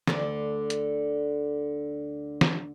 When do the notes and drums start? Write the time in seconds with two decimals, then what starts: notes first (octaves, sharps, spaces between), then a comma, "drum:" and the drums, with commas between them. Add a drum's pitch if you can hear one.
0.08 D2 D3 D4, drum: snare
0.70 drum: hi-hat
2.41 drum: snare